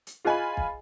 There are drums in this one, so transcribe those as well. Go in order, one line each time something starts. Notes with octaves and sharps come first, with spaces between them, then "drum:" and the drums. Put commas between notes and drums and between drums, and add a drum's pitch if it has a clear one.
drum: hi-hat
F4 G#4 C5 D#5 G#5 B5
drum: kick